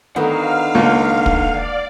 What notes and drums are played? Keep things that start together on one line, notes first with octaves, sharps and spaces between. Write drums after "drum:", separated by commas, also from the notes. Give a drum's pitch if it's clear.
D3 D#3 B3 F5 F#5 A#5
C#2 A#3
drum: kick
D5